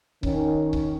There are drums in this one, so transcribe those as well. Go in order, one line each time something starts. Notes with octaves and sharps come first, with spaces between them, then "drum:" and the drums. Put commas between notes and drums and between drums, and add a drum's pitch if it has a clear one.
D#3 C#4, drum: kick C#1
drum: kick C#1